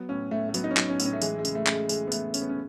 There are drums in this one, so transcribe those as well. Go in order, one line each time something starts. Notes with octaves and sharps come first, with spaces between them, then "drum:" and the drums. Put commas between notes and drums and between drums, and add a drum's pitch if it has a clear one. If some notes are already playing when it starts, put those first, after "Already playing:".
Already playing: F#3 B3
A2 C#4
A2 A3
A3
F#3 B3, drum: tambourine
D#4
C#4
F#3, drum: clap
C#4
A2, drum: tambourine
C#4
A3
E3 G#3, drum: tambourine
G#3
C#3, drum: tambourine
A3
C#3, drum: clap
G#3
E3 G#3, drum: tambourine
B3
E3 A3, drum: tambourine
C#3 C#4, drum: tambourine
B3
C#4